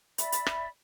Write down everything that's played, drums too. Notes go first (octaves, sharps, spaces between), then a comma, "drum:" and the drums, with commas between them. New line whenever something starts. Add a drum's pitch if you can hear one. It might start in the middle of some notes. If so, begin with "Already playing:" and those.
D5 E5 B5, drum: hi-hat
drum: hi-hat
drum: rim click